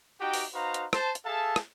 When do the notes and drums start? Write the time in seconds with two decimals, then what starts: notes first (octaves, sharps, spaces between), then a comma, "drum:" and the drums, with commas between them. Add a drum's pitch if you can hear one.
0.20 D#4 F#4 G4 G5
0.34 drum: open hi-hat
0.54 D#4 F#4 B4 C5 F5 A#5
0.74 drum: hi-hat
0.93 C5 A5, drum: rim click
1.15 drum: hi-hat
1.25 G#4 A4 E5 F5 A5
1.56 drum: rim click